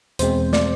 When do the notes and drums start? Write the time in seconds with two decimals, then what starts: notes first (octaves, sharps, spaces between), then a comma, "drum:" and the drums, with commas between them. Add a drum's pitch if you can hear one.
0.19 E2 B2 G#3 C4 C5, drum: hi-hat
0.53 D5, drum: snare